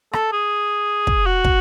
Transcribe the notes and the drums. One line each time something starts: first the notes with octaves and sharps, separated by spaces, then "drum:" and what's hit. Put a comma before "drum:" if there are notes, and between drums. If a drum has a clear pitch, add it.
A4, drum: rim click
G#4
drum: kick
F#4
drum: kick